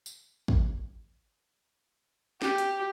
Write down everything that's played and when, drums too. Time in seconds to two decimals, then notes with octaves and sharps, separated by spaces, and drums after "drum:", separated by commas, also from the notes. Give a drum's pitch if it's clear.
0.06 drum: tambourine
0.48 drum: kick
2.42 G4, drum: snare
2.58 drum: hi-hat